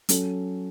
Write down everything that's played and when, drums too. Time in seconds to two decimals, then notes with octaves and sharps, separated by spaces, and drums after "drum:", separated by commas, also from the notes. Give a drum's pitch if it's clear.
0.09 F#3 C#4 A4, drum: hi-hat